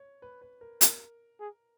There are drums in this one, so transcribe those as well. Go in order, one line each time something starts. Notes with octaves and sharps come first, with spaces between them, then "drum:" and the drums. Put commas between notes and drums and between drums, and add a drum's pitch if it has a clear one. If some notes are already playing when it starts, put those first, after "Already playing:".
Already playing: C#5
B4
B4
A#4
A#4, drum: hi-hat
G#4